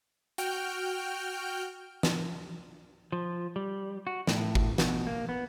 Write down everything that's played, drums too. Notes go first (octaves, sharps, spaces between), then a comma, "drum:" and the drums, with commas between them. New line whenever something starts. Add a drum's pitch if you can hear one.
F#4 G5 F6 G6 D7, drum: hi-hat
drum: snare
F3
G3
F#4
A2, drum: snare
drum: kick G1
B2, drum: snare
A#3
B3